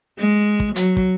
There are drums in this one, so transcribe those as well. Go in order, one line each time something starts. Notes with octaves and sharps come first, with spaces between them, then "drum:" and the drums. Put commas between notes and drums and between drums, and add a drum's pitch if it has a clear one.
G#3
drum: kick
F#3, drum: hi-hat
drum: kick